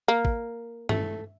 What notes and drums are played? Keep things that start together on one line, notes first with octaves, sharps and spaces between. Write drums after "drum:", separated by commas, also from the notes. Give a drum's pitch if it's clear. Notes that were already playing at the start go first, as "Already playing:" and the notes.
A#3
drum: kick
A3, drum: tom G2